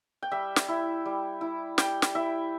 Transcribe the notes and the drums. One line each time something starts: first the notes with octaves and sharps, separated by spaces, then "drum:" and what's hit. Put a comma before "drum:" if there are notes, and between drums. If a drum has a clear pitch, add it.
G5
G3 E5
drum: snare
E4
G3
E4
G3 G5, drum: snare
drum: snare
E4 E5